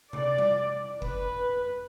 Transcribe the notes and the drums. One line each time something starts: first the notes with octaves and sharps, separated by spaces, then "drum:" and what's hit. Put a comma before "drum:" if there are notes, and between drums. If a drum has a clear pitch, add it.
D5, drum: tom C3
drum: tom G3
B4, drum: kick F#1